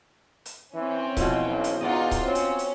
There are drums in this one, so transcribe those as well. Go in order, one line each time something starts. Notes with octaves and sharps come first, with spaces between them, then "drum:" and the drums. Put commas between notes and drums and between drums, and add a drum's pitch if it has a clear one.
drum: hi-hat
E3 C4 C#4
F2 B2 E3, drum: kick C#1, hi-hat
B1
drum: hi-hat
E2 D#4 F4 F#4 D5 D#5
drum: kick C#1, hi-hat
C4 C#4
drum: hi-hat
drum: hi-hat